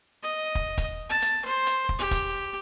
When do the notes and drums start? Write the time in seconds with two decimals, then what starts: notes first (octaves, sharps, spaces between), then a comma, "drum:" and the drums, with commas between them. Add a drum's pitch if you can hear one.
0.23 D#5
0.55 drum: kick
0.78 drum: kick, hi-hat
1.09 A5
1.22 drum: hi-hat
1.44 C5
1.67 drum: hi-hat
1.89 drum: kick
1.98 G4
2.11 drum: kick, hi-hat